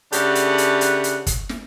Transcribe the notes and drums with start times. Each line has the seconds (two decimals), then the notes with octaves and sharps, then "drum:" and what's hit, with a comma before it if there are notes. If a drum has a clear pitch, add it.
0.12 C#3 A3 D4 G4 B4 F#5, drum: hi-hat
0.35 drum: hi-hat
0.58 drum: hi-hat
0.81 drum: hi-hat
1.04 drum: hi-hat
1.27 drum: kick, hi-hat
1.49 drum: snare